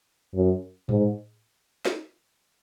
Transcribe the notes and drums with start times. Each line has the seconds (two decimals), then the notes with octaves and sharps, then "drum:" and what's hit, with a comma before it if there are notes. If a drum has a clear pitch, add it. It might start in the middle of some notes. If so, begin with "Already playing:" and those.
0.34 F#2
0.89 G#2, drum: tom A2
1.85 drum: snare